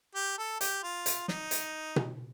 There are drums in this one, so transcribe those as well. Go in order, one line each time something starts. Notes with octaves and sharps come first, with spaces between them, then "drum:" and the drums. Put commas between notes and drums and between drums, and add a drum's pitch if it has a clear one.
G4
A4
G4, drum: hi-hat
F4
drum: hi-hat
D#4, drum: snare
drum: hi-hat
drum: tom B2